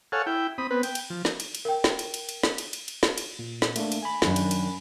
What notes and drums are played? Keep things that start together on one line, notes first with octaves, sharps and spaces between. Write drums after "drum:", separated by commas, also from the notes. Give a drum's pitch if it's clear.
A4 C#5 F5 F#5 G#5
E4 G5
C4 B5 D#6
B3 C4 B4
G5, drum: cymbal
drum: cymbal
F3
drum: snare
drum: cymbal
drum: cymbal
A#4 G5
drum: snare
drum: cymbal
drum: cymbal
drum: cymbal
drum: snare
drum: cymbal
drum: cymbal
drum: cymbal
drum: snare
drum: cymbal
A#2
drum: snare
A3 A#3 D4, drum: cymbal
drum: cymbal
G#5 B5
F#2 D#3 D4, drum: snare
drum: cymbal
drum: cymbal